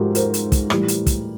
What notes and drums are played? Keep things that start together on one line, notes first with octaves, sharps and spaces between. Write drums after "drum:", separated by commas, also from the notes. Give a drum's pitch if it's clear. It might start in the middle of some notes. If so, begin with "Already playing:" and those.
Already playing: G#2 F3 F#4 G4 A4 A#4
A#4 C5, drum: hi-hat
drum: hi-hat
drum: kick, hi-hat
A2 E3 G3, drum: rim click
drum: hi-hat
drum: kick, hi-hat